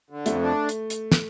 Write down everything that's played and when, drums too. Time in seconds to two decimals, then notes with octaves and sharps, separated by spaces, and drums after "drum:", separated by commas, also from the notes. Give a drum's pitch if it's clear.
0.10 D3
0.26 F2 A3, drum: hi-hat
0.42 D4
0.69 drum: hi-hat
0.90 drum: hi-hat
1.12 drum: snare